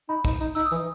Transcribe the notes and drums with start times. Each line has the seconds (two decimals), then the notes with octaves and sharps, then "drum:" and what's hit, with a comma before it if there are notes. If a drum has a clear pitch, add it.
0.09 D#4 B5
0.25 D#4, drum: kick, tambourine
0.40 D#4, drum: tambourine
0.55 D#4 E6, drum: tambourine
0.66 D#6
0.71 E3, drum: tambourine
0.76 D#6